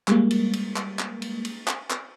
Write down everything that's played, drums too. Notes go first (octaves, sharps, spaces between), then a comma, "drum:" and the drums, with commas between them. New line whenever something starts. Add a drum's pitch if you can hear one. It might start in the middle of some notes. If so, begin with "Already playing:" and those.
G3 G#3 A#3, drum: clap
drum: cymbal
drum: cymbal
drum: clap
drum: clap
drum: cymbal
drum: cymbal
drum: clap
drum: clap